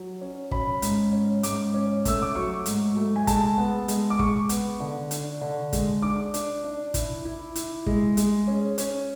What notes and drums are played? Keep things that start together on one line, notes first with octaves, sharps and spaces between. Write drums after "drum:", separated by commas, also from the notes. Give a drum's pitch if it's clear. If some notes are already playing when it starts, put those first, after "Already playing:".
Already playing: F#3
C#4
C#4 B5, drum: kick
G#2, drum: hi-hat
C#4
G#2 D6, drum: hi-hat
C#4
A3 E6, drum: kick, hi-hat
D6
F#3 C#6
G#2, drum: hi-hat
A3
G#5
G#3 A5, drum: kick, hi-hat
B3
G#3, drum: hi-hat
D6
G#3 C#6, drum: kick
B3, drum: hi-hat
D3
D4, drum: hi-hat
D3
G#3, drum: kick, hi-hat
D4 D6
D4, drum: hi-hat
D4
E4, drum: kick, hi-hat
E4
E4, drum: hi-hat
G#3, drum: kick
G#3, drum: hi-hat
C#4
C#4, drum: hi-hat